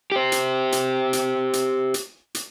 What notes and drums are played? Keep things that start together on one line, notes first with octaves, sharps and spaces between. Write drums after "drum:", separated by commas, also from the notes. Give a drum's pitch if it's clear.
G4 C5
drum: hi-hat
drum: hi-hat
drum: hi-hat
drum: hi-hat
drum: hi-hat
drum: hi-hat